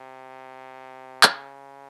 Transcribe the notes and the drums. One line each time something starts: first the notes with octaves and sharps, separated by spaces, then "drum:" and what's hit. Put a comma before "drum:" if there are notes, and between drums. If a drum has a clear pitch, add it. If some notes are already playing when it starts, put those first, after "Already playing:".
Already playing: C3
C#3, drum: clap